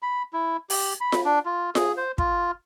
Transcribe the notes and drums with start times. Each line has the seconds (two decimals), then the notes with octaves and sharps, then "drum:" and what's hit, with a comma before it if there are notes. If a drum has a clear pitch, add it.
0.02 B5
0.33 E4
0.70 G4, drum: open hi-hat
1.01 B5
1.12 drum: snare F4
1.25 D4
1.46 F4
1.75 G#4, drum: snare F4
1.97 C5
2.18 F4, drum: kick